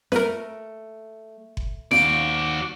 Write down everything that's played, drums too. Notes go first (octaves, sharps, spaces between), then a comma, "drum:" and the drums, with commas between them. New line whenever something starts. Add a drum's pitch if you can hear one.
A3 A#4 B4, drum: snare
drum: kick F#1
D#2 F#4 C5 D5 F5 D7, drum: snare